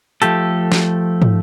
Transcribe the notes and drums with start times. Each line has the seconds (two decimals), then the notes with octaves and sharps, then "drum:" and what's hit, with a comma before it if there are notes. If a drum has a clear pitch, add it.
0.22 F3 A3 G4 A4, drum: hi-hat
0.72 drum: snare
1.22 drum: tom